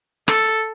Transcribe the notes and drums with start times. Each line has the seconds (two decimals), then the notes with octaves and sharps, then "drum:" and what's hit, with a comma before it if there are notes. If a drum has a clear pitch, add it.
0.28 A4, drum: rim click